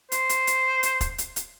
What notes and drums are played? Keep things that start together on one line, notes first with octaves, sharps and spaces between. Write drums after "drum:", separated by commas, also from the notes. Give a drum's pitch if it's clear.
C5, drum: hi-hat
drum: hi-hat
drum: hi-hat
drum: hi-hat
drum: kick, hi-hat
drum: hi-hat
drum: hi-hat